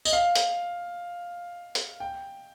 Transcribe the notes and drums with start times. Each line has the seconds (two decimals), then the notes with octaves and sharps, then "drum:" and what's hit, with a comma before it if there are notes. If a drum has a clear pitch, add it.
0.05 D#5, drum: tambourine
0.13 F5
0.35 drum: hi-hat
1.75 drum: hi-hat
2.00 G5